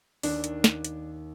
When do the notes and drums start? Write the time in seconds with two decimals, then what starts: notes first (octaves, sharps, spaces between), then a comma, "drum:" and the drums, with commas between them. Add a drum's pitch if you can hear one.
0.23 D#2 C#4 D4, drum: open hi-hat
0.44 drum: hi-hat
0.64 drum: snare
0.85 drum: hi-hat